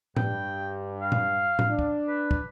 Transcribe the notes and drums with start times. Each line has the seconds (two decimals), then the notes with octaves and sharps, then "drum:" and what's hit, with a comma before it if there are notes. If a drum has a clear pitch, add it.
0.17 G2 G5, drum: tom A2
1.02 F5
1.12 drum: tom
1.59 drum: tom A2
1.69 D4
1.79 drum: kick
2.08 B4
2.31 drum: kick